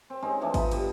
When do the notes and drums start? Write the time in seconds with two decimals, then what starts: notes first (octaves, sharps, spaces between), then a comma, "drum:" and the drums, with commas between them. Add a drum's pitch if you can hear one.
0.10 C4
0.22 G#3 C4 C#4 D#4
0.41 E3 F3 A3 D4
0.54 D#5 A#5 B5, drum: kick G#1, cymbal
0.72 G2 B2 D3 G3, drum: cymbal